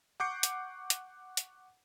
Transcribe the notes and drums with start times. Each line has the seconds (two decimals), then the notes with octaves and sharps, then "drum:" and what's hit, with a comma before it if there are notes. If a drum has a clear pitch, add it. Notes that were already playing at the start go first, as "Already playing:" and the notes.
0.20 F#5 C#6 D6 G6 C7 C#7
0.43 drum: hi-hat
0.90 drum: hi-hat
1.37 drum: hi-hat